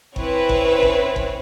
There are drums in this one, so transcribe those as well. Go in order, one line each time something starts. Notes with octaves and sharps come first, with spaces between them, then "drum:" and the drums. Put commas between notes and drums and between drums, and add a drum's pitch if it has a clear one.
C4 C#4 E4 B4 C#5, drum: kick G1
drum: kick G1
drum: kick G1
drum: kick G1